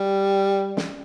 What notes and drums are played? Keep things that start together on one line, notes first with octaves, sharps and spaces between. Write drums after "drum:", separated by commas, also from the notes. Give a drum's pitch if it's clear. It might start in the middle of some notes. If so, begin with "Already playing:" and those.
Already playing: G3
drum: snare